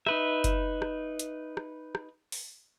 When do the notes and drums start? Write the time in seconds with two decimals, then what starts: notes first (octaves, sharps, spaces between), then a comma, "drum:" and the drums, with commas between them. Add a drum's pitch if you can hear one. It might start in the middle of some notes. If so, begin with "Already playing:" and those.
0.07 D#4 B4 E5, drum: rim click
0.44 drum: kick F#1, hi-hat
0.82 drum: rim click
1.19 drum: hi-hat
1.57 drum: rim click
1.95 drum: rim click
2.32 drum: open hi-hat